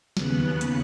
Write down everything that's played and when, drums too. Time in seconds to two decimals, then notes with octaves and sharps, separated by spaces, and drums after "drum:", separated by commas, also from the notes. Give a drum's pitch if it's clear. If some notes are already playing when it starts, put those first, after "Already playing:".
0.17 D#2 C#3 B3 F#6, drum: snare
0.61 drum: hi-hat